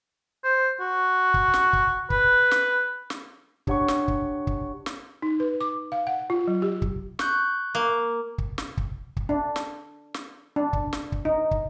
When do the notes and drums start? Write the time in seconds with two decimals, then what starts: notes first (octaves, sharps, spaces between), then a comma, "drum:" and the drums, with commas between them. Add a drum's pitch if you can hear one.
0.44 C5
0.80 F#4
1.34 drum: kick
1.54 drum: snare
1.73 drum: kick
2.10 B4, drum: kick
2.51 drum: snare
3.10 drum: snare
3.67 D4 G4 C#5 F#5 B5 C#6, drum: kick
3.88 drum: snare
4.08 drum: kick
4.47 drum: kick
4.86 drum: snare
5.22 D#4
5.40 B4
5.61 D6
5.92 F5
6.07 F#5
6.30 F4
6.48 F#3
6.62 G4
6.82 drum: kick
7.19 C#6 F#6 G6, drum: snare
7.75 A#3
8.38 drum: kick
8.58 drum: snare
8.77 drum: kick
9.17 drum: kick
9.29 D4
9.56 drum: snare
10.14 drum: snare
10.56 D4
10.73 drum: kick
10.93 drum: snare
11.12 drum: kick
11.25 D#4
11.51 drum: kick